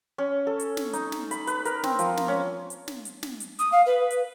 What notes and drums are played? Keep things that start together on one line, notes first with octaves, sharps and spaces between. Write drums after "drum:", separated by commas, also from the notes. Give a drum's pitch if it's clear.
C#4
A4
drum: hi-hat
drum: snare
D#4, drum: hi-hat
drum: snare
B5, drum: hi-hat
B4, drum: hi-hat
A#4, drum: hi-hat
C4, drum: snare
F3, drum: hi-hat
drum: snare
C#4
drum: hi-hat
drum: snare
drum: hi-hat
drum: snare
drum: hi-hat
D#6, drum: hi-hat
F5
B4
drum: hi-hat